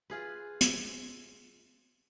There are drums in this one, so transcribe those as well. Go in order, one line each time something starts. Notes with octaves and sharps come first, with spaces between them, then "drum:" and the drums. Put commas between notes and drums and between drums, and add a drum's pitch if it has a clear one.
F4 G#4 B4
drum: hi-hat